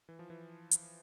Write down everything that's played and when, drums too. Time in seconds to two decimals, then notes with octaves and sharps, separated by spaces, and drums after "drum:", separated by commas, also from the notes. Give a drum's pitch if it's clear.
0.09 E3
0.19 F3
0.30 E3
0.72 drum: hi-hat